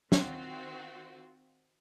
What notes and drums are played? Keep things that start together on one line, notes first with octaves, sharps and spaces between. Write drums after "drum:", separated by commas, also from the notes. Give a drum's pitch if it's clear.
D#3 C4 F4 F#4, drum: snare